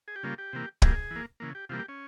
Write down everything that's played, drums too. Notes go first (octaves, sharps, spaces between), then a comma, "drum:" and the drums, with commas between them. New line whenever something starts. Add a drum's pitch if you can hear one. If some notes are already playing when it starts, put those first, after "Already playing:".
G#4
G4
C#3 G3 A#3 F4
G4
C3 E3 A#3
E3 G3 A#3 G#4, drum: kick
E3 A#3
C#3 E3 A#3
G4
C3 E3 G3 A#3 F4
G4
C#4